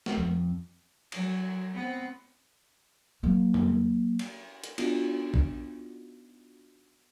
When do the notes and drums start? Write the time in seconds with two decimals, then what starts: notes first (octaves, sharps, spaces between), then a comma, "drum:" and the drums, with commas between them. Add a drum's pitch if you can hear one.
0.06 drum: snare
0.17 F2
1.12 F#3, drum: cymbal
1.74 B3 C4
3.23 F#3 A#3
3.54 drum: tom
4.19 drum: cymbal
4.64 drum: hi-hat
4.78 B3 D4 D#4 F4 F#4, drum: cymbal
5.34 drum: kick